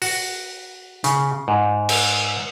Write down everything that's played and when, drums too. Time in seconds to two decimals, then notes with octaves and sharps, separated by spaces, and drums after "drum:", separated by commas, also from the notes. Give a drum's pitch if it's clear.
0.02 F#4, drum: open hi-hat
1.04 C#3, drum: hi-hat
1.48 G#2
1.89 drum: cymbal